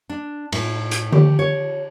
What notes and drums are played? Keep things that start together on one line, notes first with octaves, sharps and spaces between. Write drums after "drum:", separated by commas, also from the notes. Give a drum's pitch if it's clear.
D4
A2, drum: cymbal
drum: hi-hat
G4, drum: tom D3
C#5